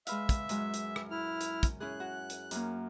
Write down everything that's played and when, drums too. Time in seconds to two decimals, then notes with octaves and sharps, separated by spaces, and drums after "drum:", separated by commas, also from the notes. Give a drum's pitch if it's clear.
0.07 G#3 B4 E5 F5, drum: hi-hat
0.29 drum: kick, hi-hat
0.49 F#2 G#3, drum: hi-hat
0.74 drum: hi-hat
0.96 drum: rim click
1.11 E4 F6
1.41 drum: hi-hat
1.63 drum: kick, hi-hat
1.80 C#4 E4 G#4 F#6
2.00 F#4
2.30 drum: hi-hat
2.51 F#2 A#3, drum: hi-hat